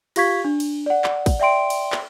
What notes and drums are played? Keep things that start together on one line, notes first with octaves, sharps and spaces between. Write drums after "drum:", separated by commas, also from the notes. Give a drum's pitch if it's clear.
F4 G4 F5 C#6 G#6 B6, drum: cymbal
D4
drum: cymbal
D5 F#5
drum: clap
drum: kick, cymbal
D5 E5 G5 C6 D7
drum: cymbal
drum: clap